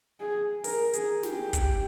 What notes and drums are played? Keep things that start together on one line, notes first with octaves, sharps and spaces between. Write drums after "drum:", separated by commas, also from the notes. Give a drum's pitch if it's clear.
G#4
A#4, drum: open hi-hat
G#4, drum: hi-hat
G4, drum: snare
drum: kick, hi-hat